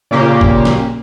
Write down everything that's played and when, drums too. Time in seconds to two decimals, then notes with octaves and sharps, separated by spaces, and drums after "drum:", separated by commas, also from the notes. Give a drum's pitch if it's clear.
0.11 A#2 C#3 A#3 G4
0.41 drum: kick
0.65 drum: snare